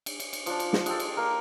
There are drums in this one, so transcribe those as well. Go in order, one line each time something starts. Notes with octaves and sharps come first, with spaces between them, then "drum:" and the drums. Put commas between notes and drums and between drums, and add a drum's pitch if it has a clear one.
drum: cymbal
drum: cymbal
drum: cymbal
F3 D4, drum: cymbal
drum: cymbal
drum: snare
G#3 G4 A4, drum: cymbal
drum: cymbal
A#3 A#4